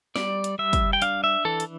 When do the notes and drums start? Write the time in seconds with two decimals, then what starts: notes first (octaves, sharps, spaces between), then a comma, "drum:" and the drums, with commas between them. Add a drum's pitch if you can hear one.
0.16 G3 D5, drum: snare
0.44 drum: hi-hat
0.59 G3 E5
0.73 drum: kick, hi-hat
0.93 G5
1.02 D4 F5, drum: hi-hat
1.24 E5
1.45 E3 A4
1.60 drum: hi-hat